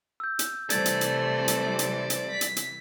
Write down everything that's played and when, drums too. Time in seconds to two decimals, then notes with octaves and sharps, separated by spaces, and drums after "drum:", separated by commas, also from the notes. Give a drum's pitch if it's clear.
0.20 E6 G6
0.39 drum: hi-hat
0.70 C3 E3 G3 A3 C5 D5 G#6 A6, drum: hi-hat
0.86 drum: hi-hat
1.01 drum: hi-hat
1.48 drum: hi-hat
1.79 drum: hi-hat
2.10 drum: hi-hat
2.30 B6
2.41 drum: hi-hat
2.57 drum: hi-hat